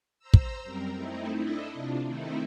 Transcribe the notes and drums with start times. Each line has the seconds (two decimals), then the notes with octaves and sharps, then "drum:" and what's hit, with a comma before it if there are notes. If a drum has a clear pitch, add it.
0.19 C5 A#5 E6
0.34 drum: kick
0.63 F#2 G3 C4 A#4
0.92 A3 C4 D#4 E4
1.36 D4 E4 A4 D#5
1.73 C3 D4 F4
2.06 D#3 A3 C4 D#4 E4